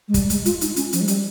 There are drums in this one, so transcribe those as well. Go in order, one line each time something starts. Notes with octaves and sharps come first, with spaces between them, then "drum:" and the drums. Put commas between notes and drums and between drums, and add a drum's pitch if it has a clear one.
G#3
G3, drum: kick, hi-hat
G#3, drum: hi-hat
F4, drum: hi-hat
D#4, drum: hi-hat
C#4, drum: hi-hat
F3, drum: hi-hat
G#3
G3, drum: hi-hat